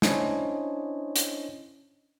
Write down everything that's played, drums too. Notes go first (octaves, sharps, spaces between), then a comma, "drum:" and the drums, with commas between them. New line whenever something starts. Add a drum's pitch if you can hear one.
C#4 D4 E4 C5 C#5 D#5, drum: snare
drum: hi-hat